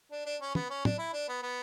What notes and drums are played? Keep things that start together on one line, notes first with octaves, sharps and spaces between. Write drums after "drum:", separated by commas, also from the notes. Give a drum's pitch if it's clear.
D4
D4
C#4
B3, drum: tom
C#4
D4, drum: tom
E4
D4
B3
B3